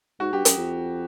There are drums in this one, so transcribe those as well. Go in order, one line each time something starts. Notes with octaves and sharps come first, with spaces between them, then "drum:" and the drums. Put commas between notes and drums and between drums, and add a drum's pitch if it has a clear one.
G#2 F#4
G2 G4
F#2, drum: hi-hat
F2